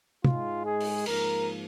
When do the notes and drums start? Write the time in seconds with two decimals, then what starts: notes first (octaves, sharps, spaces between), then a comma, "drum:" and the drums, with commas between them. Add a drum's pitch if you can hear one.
0.25 G#2 G#3 F4, drum: tom
0.65 G#4
0.80 drum: open hi-hat
1.06 G#2 F3 A#3 A#4, drum: cymbal